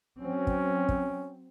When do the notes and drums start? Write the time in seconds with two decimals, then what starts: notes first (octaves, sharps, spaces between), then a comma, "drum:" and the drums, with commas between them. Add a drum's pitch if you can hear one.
0.19 F#3 C4 C#4
0.47 drum: kick
0.89 drum: kick